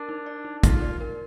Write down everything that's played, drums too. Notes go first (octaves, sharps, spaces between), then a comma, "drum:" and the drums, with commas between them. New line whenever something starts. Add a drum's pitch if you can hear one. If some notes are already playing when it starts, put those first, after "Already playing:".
Already playing: D4 A#4
D#4
D5
D#4
D#4 F4, drum: kick, hi-hat
D5
A#4